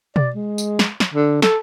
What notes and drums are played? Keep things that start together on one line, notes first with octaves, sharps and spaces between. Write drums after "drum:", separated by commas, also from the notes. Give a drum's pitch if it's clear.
D5, drum: tom B2
G#3
drum: tambourine
drum: snare
drum: snare
D3
A4, drum: snare